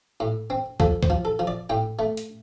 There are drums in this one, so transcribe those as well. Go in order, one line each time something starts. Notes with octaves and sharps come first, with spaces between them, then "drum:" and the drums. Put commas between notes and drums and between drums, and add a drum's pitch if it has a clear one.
A2
C4
F3 A4, drum: kick
C5, drum: kick
F3
A4
F3
D5
A2 G5
A3
drum: hi-hat